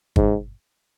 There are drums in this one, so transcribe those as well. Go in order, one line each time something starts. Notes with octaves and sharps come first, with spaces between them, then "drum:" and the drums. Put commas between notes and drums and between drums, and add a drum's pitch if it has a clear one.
G#2, drum: kick